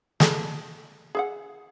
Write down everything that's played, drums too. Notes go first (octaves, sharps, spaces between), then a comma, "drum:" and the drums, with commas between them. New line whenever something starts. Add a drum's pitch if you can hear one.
G#4 A4, drum: snare
G#4 E5 F#5